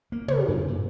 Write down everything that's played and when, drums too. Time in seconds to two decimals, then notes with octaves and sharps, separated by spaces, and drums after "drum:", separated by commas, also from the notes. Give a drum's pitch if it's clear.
0.12 A#3
0.28 C#3, drum: tom
0.48 F#2
0.68 A#2